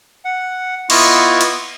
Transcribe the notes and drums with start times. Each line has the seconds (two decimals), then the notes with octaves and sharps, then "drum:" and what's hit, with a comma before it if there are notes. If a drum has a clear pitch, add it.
0.25 F#5
0.90 B3 E4 F4 D#5 C#6 D6, drum: cymbal
1.41 drum: hi-hat